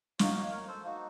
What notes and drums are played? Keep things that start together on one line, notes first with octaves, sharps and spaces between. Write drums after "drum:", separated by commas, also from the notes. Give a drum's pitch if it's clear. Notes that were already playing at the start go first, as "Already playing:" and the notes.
A#3 D#4 F#4 C#5 F5, drum: snare
C#5 F5
A#4 C#5
A4 C5
A#3 D#4 F#4